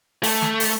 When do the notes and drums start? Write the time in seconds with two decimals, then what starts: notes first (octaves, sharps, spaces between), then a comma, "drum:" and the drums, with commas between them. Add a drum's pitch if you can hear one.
0.23 A3, drum: open hi-hat
0.42 drum: snare
0.60 drum: open hi-hat